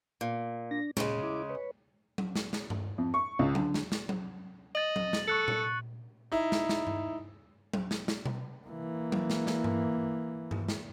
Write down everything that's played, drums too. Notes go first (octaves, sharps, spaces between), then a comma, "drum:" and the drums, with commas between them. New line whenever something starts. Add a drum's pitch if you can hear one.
A#2
D4 A#6
A#2 C#3 G#3, drum: snare
E4 D6
B4 C#5
drum: tom F#3
drum: snare
drum: snare
drum: tom G2
F2
C#6
C#2
D3, drum: tom F#3
drum: snare
drum: snare
drum: tom F#3
D#5 A6 F#7
drum: tom F#3
drum: snare
A4 C#6 F#6 C#7
drum: tom A#2
D#4 E4
drum: snare
drum: snare
drum: tom G2
drum: tom F#3
drum: snare
drum: snare
drum: tom B2
E3 A#3
drum: tom F#3
drum: snare
drum: snare
drum: tom G2
drum: tom G2
drum: snare